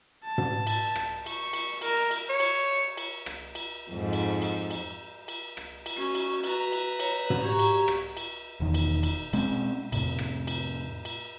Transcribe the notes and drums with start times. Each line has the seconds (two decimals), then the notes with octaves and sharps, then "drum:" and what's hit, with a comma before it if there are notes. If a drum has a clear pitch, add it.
0.25 A5
0.38 drum: tom
0.67 drum: cymbal
0.96 drum: rim click
1.26 C#6, drum: cymbal
1.53 drum: cymbal
1.81 A#4, drum: cymbal
2.11 drum: cymbal
2.29 C#5
2.40 drum: cymbal
2.97 drum: cymbal
3.26 drum: rim click
3.55 drum: cymbal
3.91 F2 G#2
4.13 drum: cymbal
4.42 drum: cymbal
4.71 drum: cymbal
5.28 drum: cymbal
5.57 drum: rim click
5.86 drum: cymbal
5.97 C#4 F#4 C#6
6.15 drum: cymbal
6.44 B4 A#5, drum: cymbal
6.72 drum: cymbal
7.00 C#5, drum: cymbal
7.30 drum: tom
7.44 F#4 G4 C#5 A#5 C#6
7.59 drum: cymbal
7.88 drum: rim click
8.17 drum: cymbal
8.60 E1 E2 D#3
8.74 drum: cymbal
9.03 drum: cymbal
9.33 B2 G#3 C4 C#4, drum: cymbal
9.92 F2 A2 C3, drum: cymbal
10.19 drum: rim click
10.47 drum: cymbal
11.05 drum: cymbal